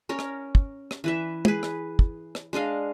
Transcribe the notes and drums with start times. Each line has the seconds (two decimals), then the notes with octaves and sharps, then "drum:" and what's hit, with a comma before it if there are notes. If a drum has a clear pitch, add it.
0.09 C#4 A#4 C#5
0.19 drum: rim click
0.55 drum: kick
0.91 drum: rim click
1.04 E3 B4 E5
1.45 G#4 B4, drum: tom
1.63 drum: rim click
1.99 drum: kick
2.35 drum: rim click
2.53 G#3 D4 D#5 F5